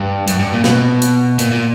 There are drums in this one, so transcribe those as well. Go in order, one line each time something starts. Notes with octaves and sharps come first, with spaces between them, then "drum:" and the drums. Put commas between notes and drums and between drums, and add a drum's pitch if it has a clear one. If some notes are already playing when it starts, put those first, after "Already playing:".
Already playing: G2
F#2, drum: hi-hat
G2
A#2
B2, drum: snare
drum: hi-hat
A#2, drum: hi-hat
A#2